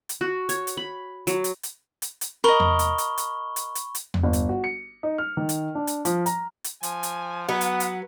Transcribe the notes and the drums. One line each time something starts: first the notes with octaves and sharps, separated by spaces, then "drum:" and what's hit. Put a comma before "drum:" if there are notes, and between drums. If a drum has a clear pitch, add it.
drum: hi-hat
F#4
C#5, drum: hi-hat
drum: hi-hat
B5
F#3, drum: hi-hat
drum: hi-hat
drum: hi-hat
drum: hi-hat
drum: hi-hat
A#4 D#5 B5 C#6 G7
drum: tom E2
drum: hi-hat
drum: hi-hat
drum: hi-hat
drum: hi-hat
drum: hi-hat
drum: hi-hat
drum: tom E2
G1
drum: hi-hat
F#4
C#7
D#4
F6
D#3
drum: hi-hat
D4
drum: hi-hat
F3, drum: hi-hat
A#5, drum: hi-hat
drum: hi-hat
F3 G#5, drum: hi-hat
drum: hi-hat
F#3 B3 B4 F#5
drum: hi-hat
drum: hi-hat